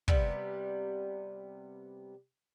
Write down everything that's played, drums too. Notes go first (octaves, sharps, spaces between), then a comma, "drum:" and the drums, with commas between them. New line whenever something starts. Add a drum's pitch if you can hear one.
C3 G3 B3, drum: kick